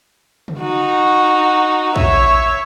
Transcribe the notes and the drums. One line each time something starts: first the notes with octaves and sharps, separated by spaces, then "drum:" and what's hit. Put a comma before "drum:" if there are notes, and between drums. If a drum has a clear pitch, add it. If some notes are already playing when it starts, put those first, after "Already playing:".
drum: tom
D#4 F#4
C#5 E5, drum: kick